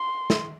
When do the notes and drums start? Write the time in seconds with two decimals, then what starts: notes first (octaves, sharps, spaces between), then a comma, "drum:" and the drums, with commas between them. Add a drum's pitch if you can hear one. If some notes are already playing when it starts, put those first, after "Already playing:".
Already playing: C6
0.30 drum: snare